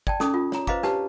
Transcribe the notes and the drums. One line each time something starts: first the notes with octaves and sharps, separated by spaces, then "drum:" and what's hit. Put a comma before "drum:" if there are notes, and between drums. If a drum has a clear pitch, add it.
D5 G5 A5, drum: kick
C#4 D#4 A4 D6 D#6, drum: snare
F4
C#5 A#5, drum: snare
B4 C5 D#5 F5 A#5 D6, drum: kick
D4 G4 B4 C#5 A5, drum: snare